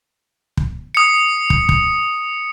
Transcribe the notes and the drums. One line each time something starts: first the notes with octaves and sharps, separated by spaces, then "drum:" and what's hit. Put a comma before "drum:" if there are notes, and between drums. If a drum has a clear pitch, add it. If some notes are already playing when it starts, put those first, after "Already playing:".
drum: kick
D#6 C#7
drum: kick
drum: kick